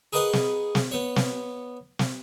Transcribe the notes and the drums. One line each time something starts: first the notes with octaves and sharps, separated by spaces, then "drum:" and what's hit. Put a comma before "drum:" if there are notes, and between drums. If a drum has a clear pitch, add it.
G#4 A#4 B4 D#5 F#5 G#5
drum: snare
drum: snare
B3 C#5
drum: snare
drum: snare